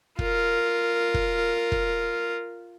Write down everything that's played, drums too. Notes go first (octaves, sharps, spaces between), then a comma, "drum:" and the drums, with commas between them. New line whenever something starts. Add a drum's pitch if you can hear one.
F4 A#4, drum: kick
drum: kick
drum: kick